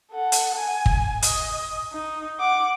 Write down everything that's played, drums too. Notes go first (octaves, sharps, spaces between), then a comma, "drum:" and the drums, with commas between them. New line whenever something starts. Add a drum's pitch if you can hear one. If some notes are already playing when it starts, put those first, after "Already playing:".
A4 F#5
drum: hi-hat
G#5
drum: kick
D#5, drum: hi-hat
D#4
F#5 D6